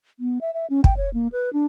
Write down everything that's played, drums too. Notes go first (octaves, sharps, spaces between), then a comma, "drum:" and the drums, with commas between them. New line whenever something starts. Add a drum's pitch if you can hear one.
B3
E5
E5
C#4
G5, drum: kick
C#5
A#3
B4
D4